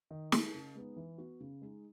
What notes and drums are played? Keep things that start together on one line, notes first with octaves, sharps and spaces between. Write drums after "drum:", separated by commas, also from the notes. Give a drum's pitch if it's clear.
D#3
A3 E4 G#4, drum: snare
C#3
G#3 B3 D#4
E3
B3 F#4
C#3
G#3 D#4